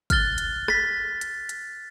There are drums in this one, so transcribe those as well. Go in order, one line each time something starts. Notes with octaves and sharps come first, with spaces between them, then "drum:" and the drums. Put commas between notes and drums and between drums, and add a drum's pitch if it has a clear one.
F6 F#6 A6 G7, drum: kick, hi-hat
drum: hi-hat
A6 B6, drum: rim click
drum: hi-hat
drum: hi-hat